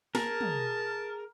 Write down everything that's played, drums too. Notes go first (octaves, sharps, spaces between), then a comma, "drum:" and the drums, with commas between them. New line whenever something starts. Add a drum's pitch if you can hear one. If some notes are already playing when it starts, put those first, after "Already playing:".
G#4 A#4 A5, drum: snare
drum: tom